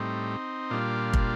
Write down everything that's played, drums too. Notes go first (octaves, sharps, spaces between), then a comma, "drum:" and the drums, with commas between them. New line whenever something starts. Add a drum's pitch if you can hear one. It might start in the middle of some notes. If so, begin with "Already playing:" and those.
Already playing: A2 G3 C4 D#4
A#2 G3 D4 F4
drum: kick